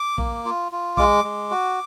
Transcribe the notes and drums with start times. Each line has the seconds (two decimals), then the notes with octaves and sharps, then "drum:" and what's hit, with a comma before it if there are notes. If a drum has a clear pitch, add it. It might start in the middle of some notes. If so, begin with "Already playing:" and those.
Already playing: D6
0.18 A#3, drum: kick A#1
0.45 F4
0.72 F4
0.97 G#3 D6, drum: kick A#1
1.24 G#3
1.51 F#4